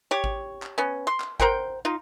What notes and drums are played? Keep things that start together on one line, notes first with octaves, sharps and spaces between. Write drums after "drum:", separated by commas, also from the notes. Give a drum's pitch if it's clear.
G4 C#5
drum: kick G#1
drum: clap
B3 C#4
C6
drum: clap
A#4 C5 F#5 G5, drum: kick G#1
D#4 F4